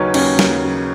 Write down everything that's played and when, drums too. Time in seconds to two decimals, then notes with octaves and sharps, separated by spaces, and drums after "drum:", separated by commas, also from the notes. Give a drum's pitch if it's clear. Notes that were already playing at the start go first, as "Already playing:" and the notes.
Already playing: D#2 C#3 F#3 C#4 D#4 B4
0.14 D#2 C#4, drum: cymbal
0.39 D#2, drum: snare
0.64 C#3